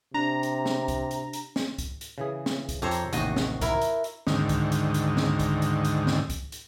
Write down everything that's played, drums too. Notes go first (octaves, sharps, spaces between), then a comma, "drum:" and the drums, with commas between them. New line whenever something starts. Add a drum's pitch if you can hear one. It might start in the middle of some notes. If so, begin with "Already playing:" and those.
C3 D4 A#5
drum: hi-hat
drum: snare
drum: kick, hi-hat
drum: hi-hat
drum: hi-hat
drum: snare
drum: kick, hi-hat
drum: hi-hat
C#3 E3 G#4
drum: snare
drum: kick, hi-hat
F2 G4 A4 C5 C#5 A#5
drum: hi-hat
A1 D#2 C3 F#4 D#5, drum: hi-hat
drum: snare
E4 A#4, drum: kick, hi-hat
drum: hi-hat
drum: hi-hat
D2 G#2 D#3, drum: snare
drum: kick, hi-hat
drum: hi-hat
drum: hi-hat
drum: snare
drum: kick, hi-hat
drum: hi-hat
drum: hi-hat
drum: snare
drum: kick, hi-hat
drum: hi-hat